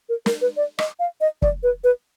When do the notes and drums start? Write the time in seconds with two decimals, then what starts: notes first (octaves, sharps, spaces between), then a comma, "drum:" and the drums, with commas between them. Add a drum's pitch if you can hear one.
0.09 A#4
0.26 A#4, drum: snare
0.41 B4
0.57 D5
0.79 D#5, drum: rim click
0.99 F5
1.21 D#5
1.42 D5, drum: kick
1.63 B4
1.84 B4